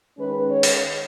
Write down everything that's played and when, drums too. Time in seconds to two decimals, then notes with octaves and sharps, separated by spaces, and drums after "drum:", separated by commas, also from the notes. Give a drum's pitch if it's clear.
0.18 D#3 G#3 C#4 B4
0.50 C#5
0.63 drum: open hi-hat